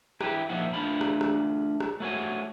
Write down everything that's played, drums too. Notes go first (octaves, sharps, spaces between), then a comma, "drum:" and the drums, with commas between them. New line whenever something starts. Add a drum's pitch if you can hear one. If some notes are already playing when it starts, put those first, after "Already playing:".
E4 G4 B4, drum: rim click
A#2 F3 D#4 E5 F#5
A3 D4 F4 A#5 B5
drum: rim click
drum: rim click
drum: rim click
A3 F#4 C#5 G#5